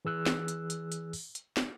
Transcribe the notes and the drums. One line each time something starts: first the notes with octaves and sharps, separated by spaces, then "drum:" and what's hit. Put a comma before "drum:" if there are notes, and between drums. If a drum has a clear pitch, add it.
E3 G#4 E6 F#6
drum: snare
drum: hi-hat
drum: hi-hat
drum: hi-hat
drum: open hi-hat
drum: hi-hat
drum: snare